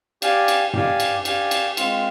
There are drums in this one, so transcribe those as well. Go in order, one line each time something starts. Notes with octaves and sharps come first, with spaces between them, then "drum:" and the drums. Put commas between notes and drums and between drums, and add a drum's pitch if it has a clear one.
G4 D5 F5 G#5, drum: cymbal
drum: cymbal
G4 D5 F5 G#5, drum: tom F#2
drum: cymbal
G4 D5 F5 G#5, drum: cymbal
drum: cymbal
G#3 C4 F4, drum: cymbal